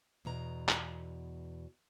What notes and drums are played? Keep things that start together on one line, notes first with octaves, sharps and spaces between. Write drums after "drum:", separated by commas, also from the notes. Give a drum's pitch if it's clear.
E2 B2 A#5
drum: clap